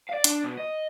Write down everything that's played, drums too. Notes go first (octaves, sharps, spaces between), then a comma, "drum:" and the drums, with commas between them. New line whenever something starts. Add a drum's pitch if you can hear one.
D5 F5
D4, drum: hi-hat
B2
D#5